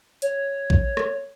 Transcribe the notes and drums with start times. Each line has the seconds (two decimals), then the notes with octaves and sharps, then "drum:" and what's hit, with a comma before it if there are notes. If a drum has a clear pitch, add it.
0.22 C#5, drum: hi-hat
0.70 drum: kick A#1
0.97 drum: rim click